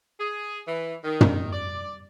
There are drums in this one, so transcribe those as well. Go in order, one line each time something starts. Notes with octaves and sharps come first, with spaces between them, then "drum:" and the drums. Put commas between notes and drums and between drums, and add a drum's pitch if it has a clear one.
G#4
E3
D#3
drum: tom
D5